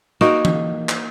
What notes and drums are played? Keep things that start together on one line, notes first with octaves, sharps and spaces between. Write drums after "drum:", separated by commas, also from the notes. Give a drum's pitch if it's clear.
A#3 D#4 F#4 G5, drum: rim click
drum: tom E3
drum: clap